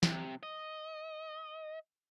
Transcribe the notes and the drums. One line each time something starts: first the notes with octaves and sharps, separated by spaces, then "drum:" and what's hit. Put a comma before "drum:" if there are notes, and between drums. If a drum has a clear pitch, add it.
C3, drum: snare
D#5